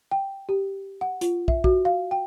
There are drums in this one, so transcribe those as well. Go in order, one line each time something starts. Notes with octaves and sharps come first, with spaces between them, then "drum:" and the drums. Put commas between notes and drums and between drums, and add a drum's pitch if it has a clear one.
G5
G4
F#5
F4, drum: hi-hat
E5, drum: kick
F#4, drum: kick
F5
G5